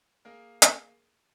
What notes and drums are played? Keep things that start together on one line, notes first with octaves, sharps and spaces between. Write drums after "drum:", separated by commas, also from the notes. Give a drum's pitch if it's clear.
A#3 G#4 A#4
drum: hi-hat